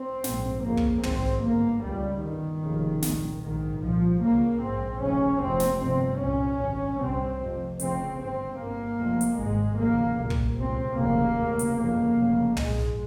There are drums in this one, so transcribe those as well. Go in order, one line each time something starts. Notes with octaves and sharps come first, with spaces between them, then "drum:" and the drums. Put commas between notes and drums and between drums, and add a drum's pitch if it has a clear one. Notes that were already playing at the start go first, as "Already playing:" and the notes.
Already playing: C4
A#1 G#2, drum: snare
G1 F2 C#3 A#3
drum: kick
G#1 G#2 C4, drum: tom
G1 G2 A#3
C#2 C#3 G3
G1 G2 D#3
F1 D#2 C#3
C2 A#2, drum: snare
A#1 G#2 D#3
C2 A#2 F3
C#2 C#3 A#3
A#1 G#2 C4
F1 D#2 C#3 C#4
F1 F2 C3 C4
drum: snare
G1 F2 C3 C4
C2 A#2 C#4
G#1 G2
C2 C3 C4
F1 F2 C3
F1 F2 C#3 C4, drum: hi-hat
G1 G2 C4
G1 G2 A#3
F1 F2 C3
drum: hi-hat
G#1 G#2 G#3
F1 D#2 C#3 A#3
C2 A#2
drum: kick
C#2 C3 C4
F1 D#2 C#3 A#3
F1 D#2 C#3
drum: hi-hat
G1 F2 C#3 A#3
F1 F2 C#3
A#1 G#2 G#3, drum: tom